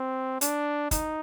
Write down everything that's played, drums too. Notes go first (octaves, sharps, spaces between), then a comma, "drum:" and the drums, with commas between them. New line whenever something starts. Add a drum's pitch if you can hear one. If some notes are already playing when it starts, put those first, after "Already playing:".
Already playing: C4
D4, drum: hi-hat
D#4, drum: kick, hi-hat